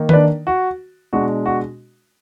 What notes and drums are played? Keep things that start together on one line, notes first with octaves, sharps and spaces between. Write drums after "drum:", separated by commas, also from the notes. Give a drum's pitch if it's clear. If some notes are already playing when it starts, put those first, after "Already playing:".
Already playing: D#3 A#3 D#4
B4, drum: tom D#3
D4 D5
F#4
B2 G#3 D4 F#4
F#4